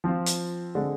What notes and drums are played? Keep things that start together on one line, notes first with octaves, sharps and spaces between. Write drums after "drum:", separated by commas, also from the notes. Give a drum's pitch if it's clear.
F3 C4 F4
drum: hi-hat
D3 G#3 C4